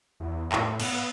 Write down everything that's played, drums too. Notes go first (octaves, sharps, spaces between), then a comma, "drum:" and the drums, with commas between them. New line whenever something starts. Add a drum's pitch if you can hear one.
E2
A2, drum: clap
B3, drum: cymbal